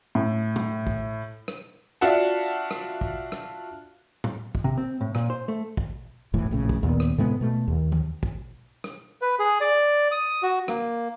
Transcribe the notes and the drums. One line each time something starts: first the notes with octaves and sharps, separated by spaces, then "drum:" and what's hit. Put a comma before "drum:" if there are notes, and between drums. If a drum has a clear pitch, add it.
A2
drum: tom A2
drum: kick
drum: rim click
D4 F4 F#4 E5 F#5 A5
drum: rim click
drum: kick
drum: rim click
drum: tom A2
drum: kick
C3
C4
A2
A#2, drum: rim click
C5
A3
drum: kick
E1 A2 E3
A#1 A2 C#3
drum: kick
D#2 A#2 B3
drum: rim click
A2 C3 G#3 B3
B2 A3
D#2
drum: tom E3
drum: kick
drum: rim click
B4
G#4
D5
D#6
F#4
A#3, drum: rim click